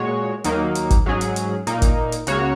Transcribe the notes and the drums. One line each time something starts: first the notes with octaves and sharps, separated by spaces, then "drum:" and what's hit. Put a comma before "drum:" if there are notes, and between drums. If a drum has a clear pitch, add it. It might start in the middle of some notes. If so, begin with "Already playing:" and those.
Already playing: A#2 G#3 F#4 C#5
D#2 D#3 F#3 A#3 D#4, drum: hi-hat
drum: hi-hat
drum: kick G#1, hi-hat
G#2 F#3 C#4 G#4
drum: hi-hat
drum: hi-hat
A#2 A#3 D#4, drum: hi-hat
drum: kick G#1, hi-hat
drum: hi-hat
C#2 C#3 A#3 F#4 C#5, drum: hi-hat